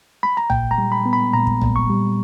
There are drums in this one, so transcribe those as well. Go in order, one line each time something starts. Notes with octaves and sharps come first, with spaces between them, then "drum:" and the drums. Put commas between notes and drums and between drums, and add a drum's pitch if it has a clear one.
B5
A#5
A#2 G5, drum: tom
A#5
G3
B5
B3
B5
A#2 A#5
drum: kick
A#2, drum: tom
C#6
G3